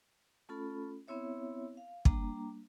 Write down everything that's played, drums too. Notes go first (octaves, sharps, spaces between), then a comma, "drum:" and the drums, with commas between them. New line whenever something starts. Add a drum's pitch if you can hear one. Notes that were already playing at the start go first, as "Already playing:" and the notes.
A3 C#4 F4 A4 B5
B3 C4 E4 C#5 E5
F5
G3 A#3 D4 A#5, drum: kick